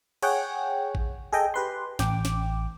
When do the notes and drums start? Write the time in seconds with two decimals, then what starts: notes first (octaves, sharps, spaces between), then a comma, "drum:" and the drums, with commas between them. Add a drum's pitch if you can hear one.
0.22 G#4 C#5 F#5 G5, drum: cymbal
0.95 drum: kick A1
1.33 G#4 A4 D#5 G5
1.54 G4 B4 C6
1.99 A1 G5 D6, drum: snare
2.25 drum: snare